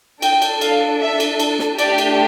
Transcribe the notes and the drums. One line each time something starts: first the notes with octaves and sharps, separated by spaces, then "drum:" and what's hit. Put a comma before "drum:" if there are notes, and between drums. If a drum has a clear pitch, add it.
D4 A4 G5, drum: cymbal
drum: cymbal
F5, drum: cymbal
E5
drum: cymbal
drum: cymbal
drum: snare
A3 D4 G4 D5, drum: cymbal
drum: cymbal